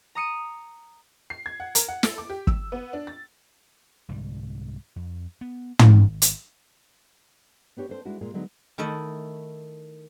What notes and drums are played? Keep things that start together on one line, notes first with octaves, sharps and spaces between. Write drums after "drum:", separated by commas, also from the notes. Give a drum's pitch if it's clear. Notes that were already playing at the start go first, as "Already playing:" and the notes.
A#5 D#6 C#7 D#7
C7
G#6
F#5
A#4, drum: hi-hat
F#5
A4, drum: snare
D6
G4
E6, drum: kick
B3
D4
A6
C2 G#2 D3 G3
F2
B3
G#1, drum: tom
drum: hi-hat
B3 D4 G4 C#5
C4 D4 A4 C5
G#3 D4 E4 F#4
A#2 G#3 F4 G#4
D3 F#3 G#3 B3 D#4
D#3 A3 E4 D#5